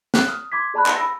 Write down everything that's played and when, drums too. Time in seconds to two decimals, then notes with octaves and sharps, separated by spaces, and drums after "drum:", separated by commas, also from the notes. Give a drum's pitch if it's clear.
0.14 F#6, drum: snare
0.28 D#6 F6
0.52 C6 D6 G#6 B6
0.74 G#4 D5 A5 B5 C6 F#6
0.86 drum: clap
0.96 B5 E6 A#6